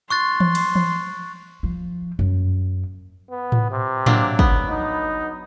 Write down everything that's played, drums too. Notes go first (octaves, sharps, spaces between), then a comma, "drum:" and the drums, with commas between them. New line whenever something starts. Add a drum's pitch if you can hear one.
C6 C#6 F#6 A6
drum: tom E3
drum: cymbal
drum: tom E3
F3
F#2
B3
drum: tom A2
C3
F#3 A#3 D4, drum: tom A2
B3, drum: kick
D#4